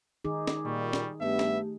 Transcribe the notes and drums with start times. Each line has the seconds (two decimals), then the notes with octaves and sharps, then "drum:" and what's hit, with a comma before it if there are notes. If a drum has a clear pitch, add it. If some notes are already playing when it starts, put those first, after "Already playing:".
0.25 D#3 D#4 G#4 D6
0.47 drum: snare
0.65 A#2 G3 C#6
0.93 drum: snare
1.21 G2 A3 B3 G4 E5
1.39 drum: snare